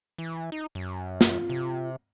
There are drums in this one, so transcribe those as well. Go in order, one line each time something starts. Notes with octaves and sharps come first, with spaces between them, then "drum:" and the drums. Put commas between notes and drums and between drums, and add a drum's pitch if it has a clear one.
E3
D#4
F#2
F4, drum: snare
C3